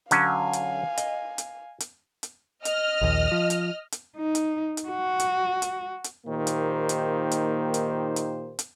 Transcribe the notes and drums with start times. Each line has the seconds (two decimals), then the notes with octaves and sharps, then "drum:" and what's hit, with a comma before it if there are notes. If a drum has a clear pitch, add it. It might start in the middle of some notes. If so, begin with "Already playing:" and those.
0.11 D3 F#3 C#4 F5 G#5, drum: hi-hat
0.53 drum: hi-hat
0.97 D#5, drum: hi-hat
1.38 drum: hi-hat
1.80 drum: hi-hat
2.23 drum: hi-hat
2.65 D#5 F6, drum: hi-hat
3.01 A#1 D#2
3.32 F3
3.50 drum: hi-hat
3.92 drum: hi-hat
4.17 D#4
4.35 drum: hi-hat
4.77 drum: hi-hat
4.89 F#4
5.20 drum: hi-hat
5.62 drum: hi-hat
6.04 drum: hi-hat
6.27 A#2 D#3 A#3 D#4 G4 C5
6.47 drum: hi-hat
6.89 drum: hi-hat
7.31 drum: hi-hat
7.74 drum: hi-hat
8.16 drum: hi-hat
8.59 drum: hi-hat